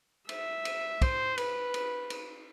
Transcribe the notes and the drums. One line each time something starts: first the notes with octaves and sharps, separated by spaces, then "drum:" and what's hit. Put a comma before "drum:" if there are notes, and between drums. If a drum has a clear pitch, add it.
E5, drum: cymbal
drum: cymbal
C5, drum: kick, cymbal
B4, drum: cymbal
drum: cymbal
drum: cymbal